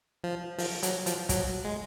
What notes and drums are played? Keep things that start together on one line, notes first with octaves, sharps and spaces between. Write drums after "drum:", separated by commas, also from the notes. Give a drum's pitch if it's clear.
F3
F3, drum: open hi-hat
F#3, drum: hi-hat
F3, drum: hi-hat
F#3, drum: kick, hi-hat
G#3